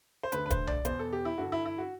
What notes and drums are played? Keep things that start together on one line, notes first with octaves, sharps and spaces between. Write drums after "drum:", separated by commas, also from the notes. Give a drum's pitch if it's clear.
C5
D2 D3 B4, drum: hi-hat
B4
C5, drum: kick, hi-hat
D5, drum: tom B1
E2 B2 C5, drum: hi-hat
A4
G4
E4
G2 D3 F#4
E4
E4
F#4